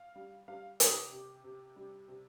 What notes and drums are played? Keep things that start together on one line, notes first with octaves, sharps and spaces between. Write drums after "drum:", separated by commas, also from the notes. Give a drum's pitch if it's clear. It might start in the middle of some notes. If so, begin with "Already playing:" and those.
Already playing: F5
G3
G3 F5
C3, drum: hi-hat
G4
C3
C3
G3
C3